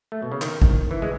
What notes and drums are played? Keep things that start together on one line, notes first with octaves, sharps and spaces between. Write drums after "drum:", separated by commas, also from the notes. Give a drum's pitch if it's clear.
A3
B2
C#3
D#3, drum: clap
drum: kick
E3
G#3